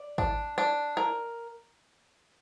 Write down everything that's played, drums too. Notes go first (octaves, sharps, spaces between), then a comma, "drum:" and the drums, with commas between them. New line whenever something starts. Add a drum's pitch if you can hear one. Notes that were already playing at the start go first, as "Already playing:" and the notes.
Already playing: D5
D4, drum: kick G#1
D4
A#4